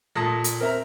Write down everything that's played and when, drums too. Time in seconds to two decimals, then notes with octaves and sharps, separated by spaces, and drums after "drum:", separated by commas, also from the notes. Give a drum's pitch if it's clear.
0.15 A#2 A3 A5 D#6 A#6
0.44 drum: hi-hat
0.61 C4 A#4 E5 A#5